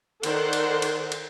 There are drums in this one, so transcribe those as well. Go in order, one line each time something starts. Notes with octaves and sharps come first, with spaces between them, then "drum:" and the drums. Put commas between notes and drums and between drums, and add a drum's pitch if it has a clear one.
D#3 A4 C5 D5 F#5 C6, drum: cymbal
drum: cymbal
drum: cymbal
drum: cymbal